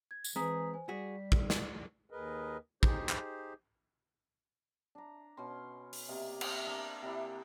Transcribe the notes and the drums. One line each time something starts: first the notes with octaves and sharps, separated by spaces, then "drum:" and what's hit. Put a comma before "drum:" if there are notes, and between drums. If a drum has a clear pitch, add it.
G#6
drum: tambourine
E3 G#3 C4 G#4 A#5 D#6 B6
C5 G#5
G3 F#4 G#4 B6
A2, drum: kick
drum: snare
D#2 G#4 A#4 B4 D#5
D#4 G4 G#4 C5, drum: kick
drum: clap
D4 A#5
B2 C#4 C6
drum: open hi-hat
C3 A#3 D5 D#5
G4 C5 E5, drum: cymbal
D4 G#4 A#4
C3 A#3 D4 E4